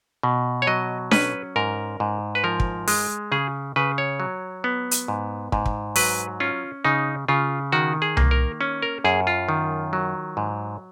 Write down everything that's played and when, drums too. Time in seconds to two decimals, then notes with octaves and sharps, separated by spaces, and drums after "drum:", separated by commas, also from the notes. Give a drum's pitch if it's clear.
0.23 B2
0.62 C#5
0.67 F#3 D#5
1.11 C#4 B4, drum: snare D4
1.56 G#2 A#4
2.00 G#2
2.35 B4
2.44 F3 A#4
2.60 drum: kick
2.88 G#3, drum: open hi-hat
3.32 C#3 G#4
3.76 C#3 B4
3.98 C#5
4.20 F#3
4.64 B3
4.91 drum: hi-hat
5.08 G#2
5.52 G#2, drum: kick
5.66 drum: kick
5.96 F#3 B4, drum: open hi-hat
6.40 C#4 F4
6.85 C#3 D#4
7.28 C#3 F4
7.72 D#3 F#4
8.02 G#4
8.17 A#3, drum: tom C2
8.31 A#4
8.61 C#4
8.82 A#4
9.04 F#2 G#4
9.27 F4
9.49 D#3
9.93 F#3
10.37 G#2